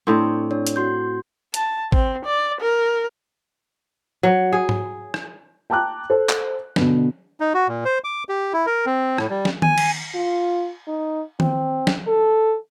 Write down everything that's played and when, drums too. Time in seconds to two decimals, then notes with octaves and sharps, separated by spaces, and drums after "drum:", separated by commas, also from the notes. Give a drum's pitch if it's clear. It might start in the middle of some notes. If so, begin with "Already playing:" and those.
0.07 A2 C4 D4 C#6
0.51 D4 C#5
0.67 drum: hi-hat
0.76 F#4 C6 G6
1.54 A5, drum: hi-hat
1.92 C4, drum: kick
2.25 D5
2.61 A#4
4.23 F#3
4.53 G#4
4.69 drum: tom G#2
5.14 drum: rim click
5.70 G5 A5 A#5 D6 F#6
6.10 A4 C5
6.29 drum: clap
6.76 B2 D3 B3, drum: snare
7.40 D#4
7.54 F#4
7.68 A#2
7.85 C5
8.04 D6
8.29 G4
8.53 E4
8.66 A#4
8.86 C4
9.18 A2, drum: rim click
9.30 G3
9.45 drum: snare
9.62 G#5, drum: tom D#3
9.78 drum: cymbal
10.14 F4
10.87 D#4
11.40 C4, drum: tom D#3
11.87 drum: snare
12.07 A4